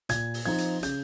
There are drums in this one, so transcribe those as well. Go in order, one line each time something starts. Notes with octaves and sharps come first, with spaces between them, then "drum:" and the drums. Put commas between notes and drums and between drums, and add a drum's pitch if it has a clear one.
A#2 G#6, drum: hi-hat
drum: open hi-hat
F3 C4 D#4 G#6
drum: hi-hat
C#3 G6, drum: hi-hat